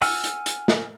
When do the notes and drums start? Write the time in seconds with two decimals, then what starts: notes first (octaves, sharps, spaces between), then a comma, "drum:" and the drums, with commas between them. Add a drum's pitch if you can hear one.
0.02 F#5 G#5 E6 F6, drum: open hi-hat
0.24 drum: hi-hat
0.46 drum: hi-hat
0.68 drum: snare